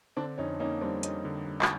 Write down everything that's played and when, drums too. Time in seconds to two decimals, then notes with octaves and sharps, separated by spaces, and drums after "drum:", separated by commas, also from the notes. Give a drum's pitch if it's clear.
0.17 D3 C4 D4
0.38 F2 C#4 D#4
0.60 A#3 C#4 D#4
0.81 G3 C4 D4
1.03 A#3 C#4 D#4, drum: hi-hat
1.25 D3
1.47 G3
1.62 drum: clap